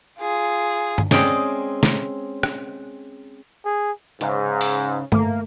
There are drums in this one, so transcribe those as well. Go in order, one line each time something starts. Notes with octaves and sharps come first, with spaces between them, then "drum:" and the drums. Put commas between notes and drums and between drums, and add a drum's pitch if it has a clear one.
F4 G#4
drum: tom G2
G#3 C4 C#4 G#4 D5 G5, drum: snare
drum: snare
drum: rim click
G#4
G#2 C#3, drum: hi-hat
drum: open hi-hat
A3 A#3, drum: tom G2